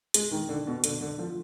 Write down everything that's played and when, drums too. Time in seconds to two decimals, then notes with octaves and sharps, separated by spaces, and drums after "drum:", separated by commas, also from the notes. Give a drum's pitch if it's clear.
0.14 G#3, drum: hi-hat
0.31 D#3
0.49 D3
0.67 B2
0.84 D3, drum: hi-hat
1.01 D3
1.19 F3